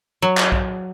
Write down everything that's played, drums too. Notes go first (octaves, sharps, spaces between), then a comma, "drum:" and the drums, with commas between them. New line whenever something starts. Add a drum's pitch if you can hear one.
F#3
drum: clap
drum: kick